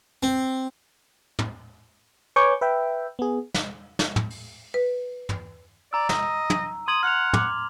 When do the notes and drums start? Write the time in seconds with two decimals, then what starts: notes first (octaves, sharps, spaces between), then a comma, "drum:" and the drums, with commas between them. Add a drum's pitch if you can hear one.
0.23 C4
1.39 drum: tom
2.36 B4 C#5 G#5 C#6 D6 G6
2.61 B4 E5 G5
3.19 B3 G#4
3.54 drum: snare
3.99 drum: snare
4.16 drum: tom
4.30 drum: open hi-hat
4.74 B4
5.29 drum: tom
5.93 D5 A#5 E6
6.09 D#5, drum: snare
6.50 drum: tom
6.88 C6 D#6 G#6 F#7
7.03 F#5 F6 F7
7.33 D6, drum: tom